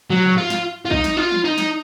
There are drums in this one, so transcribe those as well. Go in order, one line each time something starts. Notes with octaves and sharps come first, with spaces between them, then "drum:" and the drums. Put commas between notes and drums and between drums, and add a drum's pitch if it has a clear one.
F#3
drum: tom
F4
drum: snare
F4
D#4, drum: kick
drum: snare
F4
drum: tom
D#4
drum: snare